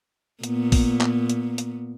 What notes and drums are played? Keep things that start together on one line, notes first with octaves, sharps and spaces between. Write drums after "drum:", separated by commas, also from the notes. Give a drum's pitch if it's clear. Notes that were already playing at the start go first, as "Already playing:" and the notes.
A#2 B3, drum: hi-hat
drum: kick A#1, open hi-hat
drum: clap
drum: hi-hat
drum: hi-hat